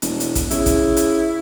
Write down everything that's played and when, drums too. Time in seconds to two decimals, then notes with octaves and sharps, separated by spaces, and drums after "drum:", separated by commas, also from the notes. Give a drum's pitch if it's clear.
0.02 E1, drum: hi-hat
0.20 drum: hi-hat
0.35 drum: kick A1, hi-hat
0.51 C#3 E4, drum: hi-hat
0.66 drum: kick A1, hi-hat
0.96 drum: hi-hat